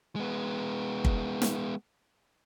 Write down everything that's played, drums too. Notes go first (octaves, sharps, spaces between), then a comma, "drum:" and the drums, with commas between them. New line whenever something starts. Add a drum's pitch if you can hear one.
G#3 B3
drum: kick
drum: snare